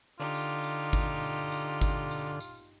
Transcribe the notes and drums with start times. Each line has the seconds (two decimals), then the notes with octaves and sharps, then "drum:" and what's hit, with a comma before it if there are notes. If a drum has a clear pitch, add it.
0.19 D3 D#4 F4 G4
0.34 drum: tambourine
0.64 drum: tambourine
0.93 drum: kick G#1, tambourine
1.23 drum: tambourine
1.52 drum: tambourine
1.81 drum: kick G#1, tambourine
2.11 drum: tambourine
2.40 drum: tambourine